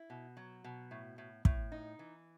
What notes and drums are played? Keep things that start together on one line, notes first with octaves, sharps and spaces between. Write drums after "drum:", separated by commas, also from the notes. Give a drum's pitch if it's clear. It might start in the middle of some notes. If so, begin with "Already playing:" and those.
Already playing: E4
B2
F#3
B2
A2
A2
A2, drum: kick
D#4
E3